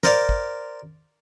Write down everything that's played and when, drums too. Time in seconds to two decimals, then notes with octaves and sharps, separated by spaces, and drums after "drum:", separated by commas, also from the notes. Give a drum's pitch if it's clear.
0.03 A#4 C5 D5 F5, drum: snare
0.29 drum: kick